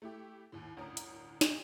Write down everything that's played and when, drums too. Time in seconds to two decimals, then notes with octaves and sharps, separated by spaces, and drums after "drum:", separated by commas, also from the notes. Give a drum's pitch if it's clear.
0.02 A3 E4 G4
0.52 D#2 A2
0.76 G1 D2 A2 C#4 A#4 D#6
0.97 drum: hi-hat
1.41 F4 G4 G#4 D#5, drum: snare